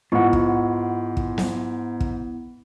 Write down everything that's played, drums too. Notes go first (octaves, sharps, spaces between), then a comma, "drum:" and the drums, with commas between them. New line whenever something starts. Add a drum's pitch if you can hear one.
G#2 B3 E4 F4 F#5
drum: kick
drum: kick
drum: snare
drum: kick